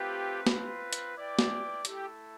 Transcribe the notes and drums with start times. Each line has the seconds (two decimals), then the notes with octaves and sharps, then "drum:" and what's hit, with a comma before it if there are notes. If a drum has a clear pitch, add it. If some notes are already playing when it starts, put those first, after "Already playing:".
Already playing: A3 C4 F4 G4 B4
0.47 C4 F4 B4, drum: snare
0.93 drum: hi-hat
1.16 E4 B4 D5 G5
1.39 drum: snare
1.85 A3 E4 G4 A4, drum: hi-hat